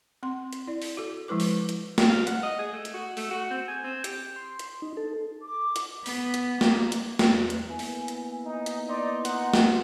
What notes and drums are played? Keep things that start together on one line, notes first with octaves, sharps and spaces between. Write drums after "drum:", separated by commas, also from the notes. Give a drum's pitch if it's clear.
C4 C6
drum: hi-hat
E4 D5
drum: open hi-hat
F#4 A4
F3 G#3 E4 B4 D6
drum: open hi-hat
drum: hi-hat
drum: snare
F5
F#5, drum: hi-hat
D#5
G#4
A3
drum: hi-hat
F#4
A3, drum: open hi-hat
F#4
C4
G#5
C4
G4, drum: hi-hat
C6
drum: hi-hat
D#4
A4
D6
drum: hi-hat
B3, drum: open hi-hat
drum: hi-hat
A#3, drum: snare
drum: hi-hat
E2 B4 F#6, drum: snare
drum: hi-hat
A#3 B3 E4 G#5
drum: open hi-hat
drum: hi-hat
D#4
drum: hi-hat
D#4 D5 C6
D#4 F#5, drum: hi-hat
drum: snare